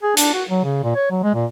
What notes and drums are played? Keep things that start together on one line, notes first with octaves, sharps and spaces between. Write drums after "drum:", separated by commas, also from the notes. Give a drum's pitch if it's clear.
G#4
D4, drum: hi-hat
F#4
F#3
C#3
A#2
C#5
F#3
G#3
A#2